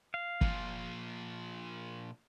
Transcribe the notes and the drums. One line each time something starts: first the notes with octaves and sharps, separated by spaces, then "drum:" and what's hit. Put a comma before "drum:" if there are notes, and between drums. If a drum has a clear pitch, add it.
F5
A#2 F3, drum: kick